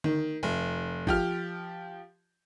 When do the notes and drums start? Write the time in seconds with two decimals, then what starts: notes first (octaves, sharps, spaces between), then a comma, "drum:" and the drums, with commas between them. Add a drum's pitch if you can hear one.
0.04 D#3, drum: tom D3
0.43 F1
1.07 F3 G4 F6, drum: kick G#1